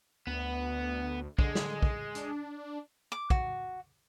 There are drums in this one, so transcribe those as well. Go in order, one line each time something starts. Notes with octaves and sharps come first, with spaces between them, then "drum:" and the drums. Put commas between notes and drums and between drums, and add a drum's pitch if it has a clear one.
D2 B3
D3 G#3, drum: kick
drum: snare
drum: kick
D4, drum: hi-hat
D6
F#4, drum: kick